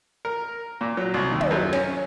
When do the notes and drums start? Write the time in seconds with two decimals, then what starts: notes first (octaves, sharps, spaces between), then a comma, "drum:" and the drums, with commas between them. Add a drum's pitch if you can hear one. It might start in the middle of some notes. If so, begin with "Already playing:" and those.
0.25 A#4
0.81 A#2
0.97 F#3
1.14 C2
1.31 D#2
1.41 drum: tom
1.51 F#2
1.73 C#4, drum: snare